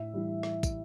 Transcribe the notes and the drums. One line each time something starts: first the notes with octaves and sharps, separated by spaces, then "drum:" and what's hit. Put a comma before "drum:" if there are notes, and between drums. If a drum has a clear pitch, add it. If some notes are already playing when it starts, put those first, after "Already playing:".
Already playing: A2 E5
E3 G3
drum: rim click
drum: kick, tambourine